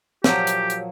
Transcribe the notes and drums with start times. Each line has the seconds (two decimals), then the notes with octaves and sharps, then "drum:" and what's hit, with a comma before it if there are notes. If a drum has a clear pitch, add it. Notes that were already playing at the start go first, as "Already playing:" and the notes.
0.24 A#2 F3 F#3 G4, drum: snare
0.47 drum: hi-hat
0.70 drum: hi-hat